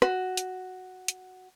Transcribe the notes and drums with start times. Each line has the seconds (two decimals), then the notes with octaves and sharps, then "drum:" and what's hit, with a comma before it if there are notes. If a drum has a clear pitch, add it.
0.02 F#4, drum: rim click
0.37 drum: hi-hat
1.08 drum: hi-hat